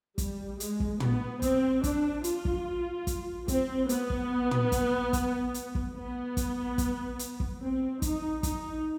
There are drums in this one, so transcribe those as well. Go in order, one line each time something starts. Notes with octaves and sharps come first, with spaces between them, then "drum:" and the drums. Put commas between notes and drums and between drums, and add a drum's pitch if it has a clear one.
G3, drum: kick, hi-hat
G#3, drum: hi-hat
drum: kick
B3, drum: tom
C4, drum: kick, hi-hat
D4, drum: kick, hi-hat
F4, drum: hi-hat
drum: kick
drum: kick, hi-hat
C4, drum: kick, hi-hat
B3, drum: hi-hat
drum: kick
drum: tom
drum: kick, hi-hat
drum: kick, hi-hat
drum: hi-hat
drum: kick
B3
drum: kick, hi-hat
drum: kick, hi-hat
drum: hi-hat
drum: kick
C4
D#4, drum: kick, hi-hat
D#4, drum: kick, hi-hat